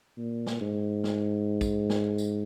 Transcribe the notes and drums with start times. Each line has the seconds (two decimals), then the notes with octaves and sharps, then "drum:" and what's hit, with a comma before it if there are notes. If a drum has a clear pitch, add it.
0.17 A#2
0.47 drum: snare
0.61 G#2
1.04 drum: snare
1.61 drum: kick, tambourine
1.90 drum: snare
2.18 drum: tambourine